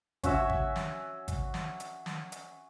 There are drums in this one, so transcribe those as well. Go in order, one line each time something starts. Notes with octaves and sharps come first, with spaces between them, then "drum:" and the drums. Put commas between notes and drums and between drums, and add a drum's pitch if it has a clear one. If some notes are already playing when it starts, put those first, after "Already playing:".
C#4 F#4 E5 G#5, drum: kick, hi-hat
drum: kick
drum: snare
drum: kick, hi-hat
drum: snare
drum: hi-hat
drum: snare
drum: hi-hat